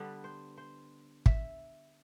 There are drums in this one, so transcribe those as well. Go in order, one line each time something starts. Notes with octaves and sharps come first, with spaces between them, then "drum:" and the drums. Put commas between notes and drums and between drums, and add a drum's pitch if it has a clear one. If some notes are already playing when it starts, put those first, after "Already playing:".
Already playing: D3 G3 B3 B4
C5
C5
E5, drum: kick